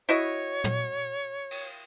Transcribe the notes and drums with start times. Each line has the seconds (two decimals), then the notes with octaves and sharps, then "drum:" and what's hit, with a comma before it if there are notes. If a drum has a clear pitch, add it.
0.09 E4 F#4 C#5 D#5
0.64 drum: tom
1.51 drum: cymbal